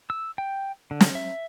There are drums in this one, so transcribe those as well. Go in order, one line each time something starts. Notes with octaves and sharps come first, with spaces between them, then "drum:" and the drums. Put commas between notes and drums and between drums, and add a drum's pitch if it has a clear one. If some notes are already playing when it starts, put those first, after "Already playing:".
E6
G5
D3
drum: snare
E5